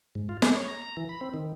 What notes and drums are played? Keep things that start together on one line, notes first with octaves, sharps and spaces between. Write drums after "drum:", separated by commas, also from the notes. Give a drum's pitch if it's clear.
G#2
F4
G#4, drum: snare
C#5
A#5
A#5
E3
B5
C4
D#3